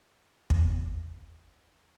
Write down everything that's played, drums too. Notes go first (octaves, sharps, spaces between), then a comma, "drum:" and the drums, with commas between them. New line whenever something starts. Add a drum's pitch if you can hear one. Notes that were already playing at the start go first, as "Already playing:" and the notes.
E2, drum: kick